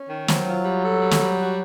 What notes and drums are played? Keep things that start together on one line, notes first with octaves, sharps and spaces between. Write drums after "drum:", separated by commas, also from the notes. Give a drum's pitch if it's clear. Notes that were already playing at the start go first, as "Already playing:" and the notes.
Already playing: C#4
D#3
F#3 C4, drum: snare
F4
G3
A4
G3
drum: snare
G3
F#4